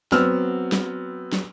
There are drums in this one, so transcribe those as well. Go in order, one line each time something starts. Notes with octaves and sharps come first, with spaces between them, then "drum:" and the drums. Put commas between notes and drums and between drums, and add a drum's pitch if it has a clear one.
F#3 B3 C4 E6 F6, drum: snare
drum: snare
drum: snare